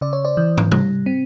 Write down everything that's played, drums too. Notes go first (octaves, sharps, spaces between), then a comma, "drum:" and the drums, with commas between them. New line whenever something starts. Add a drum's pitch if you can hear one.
C#3 D5
C#5
C5 D5
E3
drum: tom
G3, drum: tom C3
C4